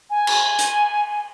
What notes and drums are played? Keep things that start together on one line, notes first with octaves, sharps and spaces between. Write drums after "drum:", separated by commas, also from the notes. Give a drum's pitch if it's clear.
G#5
drum: cymbal
drum: hi-hat